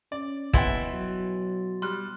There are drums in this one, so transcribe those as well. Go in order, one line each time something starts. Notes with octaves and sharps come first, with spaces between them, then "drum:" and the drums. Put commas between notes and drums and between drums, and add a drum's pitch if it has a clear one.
C#4 D5
F#1 B2 E3 E4 E5 G5 C6 A6, drum: kick
F#3
G3 C6 F6 F#6